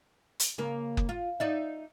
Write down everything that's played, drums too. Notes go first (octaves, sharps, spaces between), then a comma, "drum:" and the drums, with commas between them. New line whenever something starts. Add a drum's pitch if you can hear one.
drum: hi-hat
C#3 A#3
drum: kick F#1
F4
D#4 D5 E5